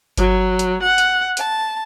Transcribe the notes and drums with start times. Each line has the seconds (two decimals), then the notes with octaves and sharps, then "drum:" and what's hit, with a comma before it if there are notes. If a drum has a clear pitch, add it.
0.17 F#3, drum: kick G1, hi-hat
0.59 drum: hi-hat
0.82 F#5
0.98 drum: hi-hat
1.37 A5, drum: hi-hat